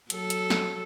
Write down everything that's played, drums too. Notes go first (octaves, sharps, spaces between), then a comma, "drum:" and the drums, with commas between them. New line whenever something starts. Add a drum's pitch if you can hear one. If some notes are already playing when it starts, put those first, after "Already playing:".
F#3 A4, drum: hi-hat
drum: hi-hat
drum: snare